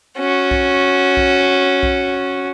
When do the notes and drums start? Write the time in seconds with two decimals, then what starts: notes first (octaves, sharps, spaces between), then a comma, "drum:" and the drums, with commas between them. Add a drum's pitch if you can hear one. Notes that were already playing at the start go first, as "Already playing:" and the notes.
0.18 C#4 F#4
0.51 drum: kick B1
1.17 drum: kick B1
1.83 drum: kick B1